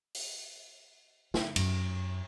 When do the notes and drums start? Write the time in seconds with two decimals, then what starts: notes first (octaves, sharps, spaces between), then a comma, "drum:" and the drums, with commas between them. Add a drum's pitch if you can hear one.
0.15 drum: open hi-hat
1.34 D#4, drum: snare
1.56 F#2, drum: cymbal